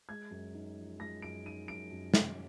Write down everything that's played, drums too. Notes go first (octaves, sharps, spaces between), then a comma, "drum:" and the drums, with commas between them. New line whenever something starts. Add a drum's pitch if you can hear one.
G#3 G#6
F#2
D#4
F3
G#3 A#6
F#2 D7
D#4 D#7
F#2 D7
F#2
F#2, drum: snare